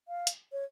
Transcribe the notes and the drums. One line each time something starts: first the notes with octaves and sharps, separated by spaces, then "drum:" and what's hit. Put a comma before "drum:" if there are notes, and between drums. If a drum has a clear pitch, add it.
F5
drum: hi-hat
C#5